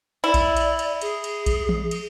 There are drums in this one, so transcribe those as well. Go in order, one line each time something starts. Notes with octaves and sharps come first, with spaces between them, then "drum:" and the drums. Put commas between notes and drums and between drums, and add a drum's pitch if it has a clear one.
E4 D5
drum: kick A#1, cymbal
drum: cymbal
drum: cymbal
G#4, drum: cymbal
drum: cymbal
drum: kick A#1, cymbal
drum: tom
drum: cymbal